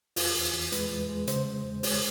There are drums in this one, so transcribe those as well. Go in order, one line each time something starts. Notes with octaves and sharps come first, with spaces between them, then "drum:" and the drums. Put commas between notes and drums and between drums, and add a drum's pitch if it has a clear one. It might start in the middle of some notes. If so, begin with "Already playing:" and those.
E2 F4, drum: open hi-hat
E2
E2
G#3 B4, drum: hi-hat
E2
G#3
C#3 C5, drum: hi-hat
G#3
E2
G#3 C#5, drum: open hi-hat